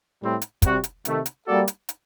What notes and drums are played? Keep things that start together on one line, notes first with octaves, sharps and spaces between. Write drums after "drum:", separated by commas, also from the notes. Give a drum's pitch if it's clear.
A2 G3 C4
drum: hi-hat
C3 G3 C4 F#4, drum: kick, hi-hat
drum: hi-hat
C3 D#3 A3, drum: hi-hat
drum: hi-hat
G3 A#3 F#4 A4 D5
drum: hi-hat
drum: hi-hat